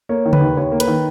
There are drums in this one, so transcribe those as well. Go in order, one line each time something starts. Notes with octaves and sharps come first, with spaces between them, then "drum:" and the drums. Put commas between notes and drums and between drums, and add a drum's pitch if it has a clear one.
A#3 C#5
D#3
B4, drum: tom C#3
D#2
D#2 C#5
A#3
B4, drum: hi-hat
D#3